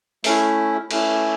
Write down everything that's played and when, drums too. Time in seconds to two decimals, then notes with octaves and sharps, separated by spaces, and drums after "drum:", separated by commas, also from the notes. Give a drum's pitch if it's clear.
0.24 A3 C#4 E4, drum: open hi-hat
0.91 A3 C#4 E4, drum: cymbal